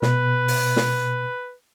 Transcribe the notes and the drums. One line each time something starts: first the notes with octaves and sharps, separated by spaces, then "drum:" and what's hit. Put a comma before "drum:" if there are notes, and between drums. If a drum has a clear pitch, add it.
B2 B4, drum: snare
drum: open hi-hat
drum: snare